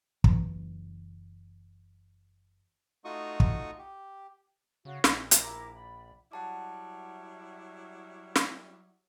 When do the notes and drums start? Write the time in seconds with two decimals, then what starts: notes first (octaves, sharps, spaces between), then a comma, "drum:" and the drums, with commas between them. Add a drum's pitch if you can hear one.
0.24 F#1 E3, drum: kick
3.05 A3 D#4 F4 F#4 C#6 D#6
3.40 drum: kick
3.79 G4
4.85 C#3 F#4 C#5 F5
5.04 A#1 D#5, drum: snare
5.31 E4 A#4 D6, drum: hi-hat
5.74 D5 B5
6.32 F#3 G3 E4 F#5 A5 D6
8.36 drum: snare